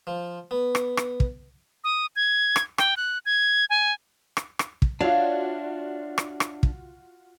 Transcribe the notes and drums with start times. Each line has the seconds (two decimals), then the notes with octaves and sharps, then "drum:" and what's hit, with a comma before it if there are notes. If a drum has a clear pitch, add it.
0.07 F3
0.51 B3
0.75 drum: rim click
0.97 drum: rim click
1.20 drum: kick
1.84 D#6
2.16 G#6
2.56 drum: rim click
2.78 G5, drum: rim click
2.97 F#6
3.26 G#6
3.70 G#5
4.37 drum: rim click
4.59 drum: rim click
4.82 drum: kick
5.01 D4 F4 F#4 C#5 D5 E5 F5
6.18 drum: rim click
6.40 drum: rim click
6.63 drum: kick